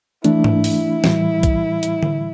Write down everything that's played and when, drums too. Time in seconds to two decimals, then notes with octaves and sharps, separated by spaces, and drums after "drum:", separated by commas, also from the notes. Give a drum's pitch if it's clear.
0.24 E3 A3 D4 E4, drum: hi-hat
0.44 drum: tom G#2
0.64 drum: open hi-hat
1.04 A2 E3 G3, drum: snare
1.43 drum: kick B1, hi-hat
1.83 drum: hi-hat
2.03 drum: tom D3